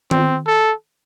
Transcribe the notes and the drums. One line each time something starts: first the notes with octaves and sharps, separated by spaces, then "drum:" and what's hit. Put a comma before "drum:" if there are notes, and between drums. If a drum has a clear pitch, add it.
C4, drum: tom D#3
A4